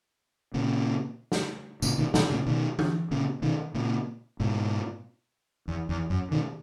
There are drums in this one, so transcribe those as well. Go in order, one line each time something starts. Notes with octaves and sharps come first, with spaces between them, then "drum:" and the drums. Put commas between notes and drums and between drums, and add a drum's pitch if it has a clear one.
A#2 C#3
drum: snare
A#2 C#3, drum: tambourine
B2 D#3
B2 D#3, drum: snare
A#2 C#3
B2 D#3
drum: tom E3
A#2 C#3
B2 D#3
A#2 C#3
G#2 B2
E2
E2
F#2
B2 D#3